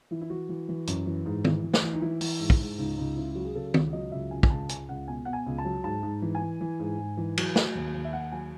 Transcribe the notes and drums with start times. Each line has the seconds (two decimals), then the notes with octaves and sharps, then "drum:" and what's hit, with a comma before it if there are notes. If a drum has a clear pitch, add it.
0.11 E3 E4
0.21 E4
0.30 E3 F#4
0.49 E3
0.69 E3
0.87 F#2, drum: hi-hat
1.06 E3
1.26 G#2
1.45 E3, drum: tom D#3
1.63 E3
1.74 drum: snare
1.83 E3
1.93 D#4
2.02 E3 E4
2.21 E3, drum: open hi-hat
2.40 G#2
2.50 drum: kick
2.60 G#2
2.78 C#2 D#4
2.97 C#2 D#4
3.17 C#3 E4
3.35 F#3 F#4
3.45 G#4
3.55 C#3 A4
3.74 C#2, drum: tom D#3
3.93 F#3 D#5
4.12 C#2 E5
4.31 C#2 G#5
4.43 G#5, drum: kick
4.50 C#2 A5
4.69 C#2 G#5, drum: hi-hat
4.89 C#2 F#5
5.08 B2 G#5
5.25 B2 F#5
5.33 G#5
5.46 C#2
5.58 A5
5.65 F#3
5.84 G#2 A5
6.03 G#2
6.22 E3
6.35 G#5
6.41 E3
6.61 E3
6.79 G#2
6.99 G#2
7.17 E3
7.37 F#3, drum: cymbal
7.56 F#3, drum: snare
7.75 D#2
7.94 D#2
8.05 E5
8.13 D#2 F#5
8.32 F#3 G#5